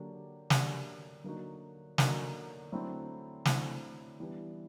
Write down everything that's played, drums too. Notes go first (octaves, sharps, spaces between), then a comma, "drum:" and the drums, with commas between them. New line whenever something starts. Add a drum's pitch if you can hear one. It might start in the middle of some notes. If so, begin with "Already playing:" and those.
Already playing: D3 F#3 A#3 D4 G4
D3 F#3 A#3 D4 G4, drum: snare
D3 F#3 A#3 D#4 F#4
D3 F#3 A#3 D#4 F#4, drum: snare
D3 F#3 A3 C4 E4
D3 F#3 A3 C4 E4, drum: snare
E3 G3 B3 D4